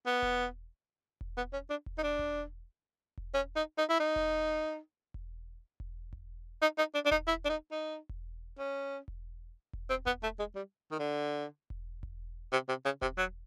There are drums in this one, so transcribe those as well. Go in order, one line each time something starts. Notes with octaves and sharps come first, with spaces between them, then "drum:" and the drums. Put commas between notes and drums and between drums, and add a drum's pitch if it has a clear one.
B3
drum: kick E1
drum: kick E1
B3
C#4
D4
drum: kick E1
D#4
D4
drum: kick E1
drum: kick E1
C#4
D#4
D#4
E4
D#4
drum: kick E1
drum: kick E1
drum: kick E1
drum: kick E1
D#4
D#4
D4
D4
D#4, drum: kick E1
E4
D4
D#4
D#4
drum: kick E1
C#4
drum: kick E1
drum: kick E1
C4
B3, drum: kick E1
A3
G#3
G3
D#3
D3
drum: kick E1
drum: kick E1
C3
C3
C#3
C3, drum: kick E1
F#3